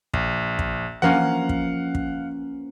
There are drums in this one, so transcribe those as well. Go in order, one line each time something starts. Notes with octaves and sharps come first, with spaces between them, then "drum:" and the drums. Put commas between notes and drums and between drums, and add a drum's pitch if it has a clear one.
A#1, drum: kick
drum: kick
F3 A#3 C#4 F5 F#5
drum: kick
drum: kick